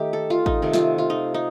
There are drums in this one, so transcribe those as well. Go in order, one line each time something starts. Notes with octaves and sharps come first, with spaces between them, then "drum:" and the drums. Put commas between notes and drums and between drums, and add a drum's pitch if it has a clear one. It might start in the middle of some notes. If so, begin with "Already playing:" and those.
Already playing: D#3 A3 D#4 G4
A4
F4
D#4, drum: kick A1
C3 D#3 A3
F4, drum: snare
F4
D#4
D#4